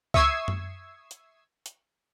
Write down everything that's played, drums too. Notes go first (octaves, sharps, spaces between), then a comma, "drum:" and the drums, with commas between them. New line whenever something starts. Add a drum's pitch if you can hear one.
E5 C#6 D#6 E6 G#6 C7, drum: kick C#2
drum: tom F#2
drum: hi-hat
drum: hi-hat